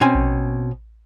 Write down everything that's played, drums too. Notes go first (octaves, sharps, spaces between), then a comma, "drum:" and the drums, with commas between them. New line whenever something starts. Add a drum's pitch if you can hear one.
B2 C4 C#4 G#5
drum: kick A#1